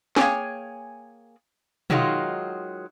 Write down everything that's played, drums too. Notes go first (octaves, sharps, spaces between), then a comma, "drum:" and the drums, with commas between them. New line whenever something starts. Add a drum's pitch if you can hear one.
A#3 G#4 C#5 G5 G#5, drum: snare
D#3 F#3 G#3 D#4 F4, drum: tom B2